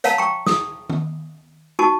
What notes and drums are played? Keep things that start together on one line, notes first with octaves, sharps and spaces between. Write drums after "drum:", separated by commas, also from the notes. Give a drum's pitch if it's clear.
C#5 F5 F#5 A5 A#5, drum: hi-hat
G5 A#5 C#6
D#6, drum: snare
drum: tom D#3
D#4 F#4 A5 C#6